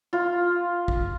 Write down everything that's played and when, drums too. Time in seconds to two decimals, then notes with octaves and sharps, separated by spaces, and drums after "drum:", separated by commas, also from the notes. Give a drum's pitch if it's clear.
0.13 F4
0.88 drum: kick A1